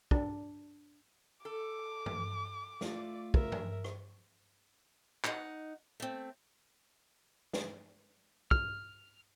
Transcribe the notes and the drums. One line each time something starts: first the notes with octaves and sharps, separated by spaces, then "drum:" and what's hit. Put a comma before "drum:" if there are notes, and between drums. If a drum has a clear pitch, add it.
D4, drum: kick
A4 D6
drum: tom G2
A3 F4 D5, drum: snare
A#4 E5, drum: kick
drum: tom G2
drum: rim click
D#4 F#5, drum: clap
A3 C4
drum: snare
F6, drum: kick